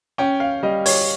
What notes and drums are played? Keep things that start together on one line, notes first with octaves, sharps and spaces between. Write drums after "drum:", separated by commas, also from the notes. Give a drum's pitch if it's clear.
C#4 G5
F5
G3 D#5
C#5, drum: open hi-hat